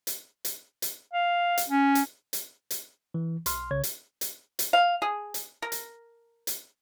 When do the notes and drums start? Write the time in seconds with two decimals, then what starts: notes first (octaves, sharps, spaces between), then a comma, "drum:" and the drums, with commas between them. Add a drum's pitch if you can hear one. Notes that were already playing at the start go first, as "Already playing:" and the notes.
0.07 drum: hi-hat
0.45 drum: hi-hat
0.82 drum: hi-hat
1.13 F5
1.58 drum: hi-hat
1.69 C#4
1.95 drum: hi-hat
2.33 drum: hi-hat
2.71 drum: hi-hat
3.14 E3
3.46 B1 C6 F6, drum: hi-hat
3.71 C2 C#3 C#5 G#6
3.83 drum: hi-hat
4.21 drum: hi-hat
4.59 drum: hi-hat
4.73 F5
5.02 G#4
5.34 drum: hi-hat
5.62 A#4
5.72 drum: hi-hat
6.47 drum: hi-hat